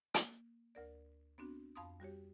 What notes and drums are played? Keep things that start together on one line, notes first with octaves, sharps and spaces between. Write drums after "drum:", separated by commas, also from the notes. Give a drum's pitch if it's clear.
A#3, drum: hi-hat
D2 A#4 D5
B3 C4 D4 F#4
F2 F5 A5 B5 C6 D#6
G3 F#4 G4 C#5